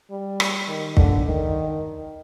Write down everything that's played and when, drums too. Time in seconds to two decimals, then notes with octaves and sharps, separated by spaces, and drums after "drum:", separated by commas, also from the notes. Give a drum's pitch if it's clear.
0.11 G3
0.40 drum: rim click
0.68 D#3
0.97 D3, drum: kick
1.26 D#3